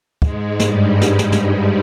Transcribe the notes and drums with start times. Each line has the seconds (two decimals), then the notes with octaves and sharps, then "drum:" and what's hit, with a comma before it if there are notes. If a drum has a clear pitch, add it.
0.22 G#2 G#3, drum: kick
0.60 G2 G3, drum: snare
1.01 drum: snare
1.19 drum: snare
1.32 drum: snare